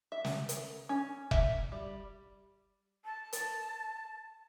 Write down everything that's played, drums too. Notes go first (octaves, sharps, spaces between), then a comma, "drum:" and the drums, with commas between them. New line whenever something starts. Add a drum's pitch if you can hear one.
E5
drum: snare
drum: hi-hat
C#4
E5, drum: kick F1
G3
A5
drum: hi-hat